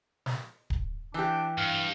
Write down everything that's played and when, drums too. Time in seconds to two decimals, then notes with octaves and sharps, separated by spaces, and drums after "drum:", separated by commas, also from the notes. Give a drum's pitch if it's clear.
0.26 drum: snare
0.70 drum: kick D1
1.14 E3 D4 G4
1.58 G2 F5